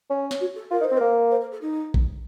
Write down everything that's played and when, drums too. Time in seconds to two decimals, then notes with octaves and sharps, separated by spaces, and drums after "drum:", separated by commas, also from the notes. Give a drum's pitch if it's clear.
0.10 C#4
0.31 drum: snare
0.40 F#4
0.55 A4
0.71 F4 A#4
0.81 D#4
0.84 C5
0.91 C4
0.97 A#3 A#4
1.31 C5
1.41 A#4
1.52 A4
1.62 D#4
1.94 drum: kick A1